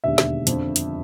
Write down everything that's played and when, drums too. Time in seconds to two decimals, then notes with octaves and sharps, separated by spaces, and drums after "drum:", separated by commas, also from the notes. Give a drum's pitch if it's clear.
0.04 E1 D#2 D3 E5
0.18 drum: snare
0.47 F2 D3 F3, drum: hi-hat
0.76 drum: hi-hat